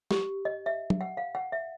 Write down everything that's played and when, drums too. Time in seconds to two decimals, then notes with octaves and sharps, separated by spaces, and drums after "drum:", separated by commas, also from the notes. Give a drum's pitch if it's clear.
0.11 G4, drum: snare
0.45 D#5
0.66 E5
0.90 drum: tom F#3
1.01 F#5
1.17 F5
1.35 F#5
1.52 E5